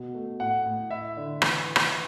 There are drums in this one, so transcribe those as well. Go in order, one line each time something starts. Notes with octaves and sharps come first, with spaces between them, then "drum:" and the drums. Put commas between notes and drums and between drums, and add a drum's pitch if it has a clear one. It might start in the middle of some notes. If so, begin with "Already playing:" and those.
Already playing: B2
A3
A2 F#5
A2
E4 E5
D3
E3, drum: rim click
drum: rim click